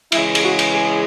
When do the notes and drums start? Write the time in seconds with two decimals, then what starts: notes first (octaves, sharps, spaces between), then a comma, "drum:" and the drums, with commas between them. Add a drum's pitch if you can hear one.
0.12 C#3 E3 G#3 E4, drum: cymbal
0.35 G#4, drum: cymbal
0.43 F#4
0.59 drum: cymbal
0.74 G#4